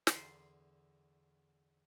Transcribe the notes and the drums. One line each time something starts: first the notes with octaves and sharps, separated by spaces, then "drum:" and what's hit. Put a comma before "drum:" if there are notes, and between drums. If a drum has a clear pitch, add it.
E2 D3 C6 C7, drum: snare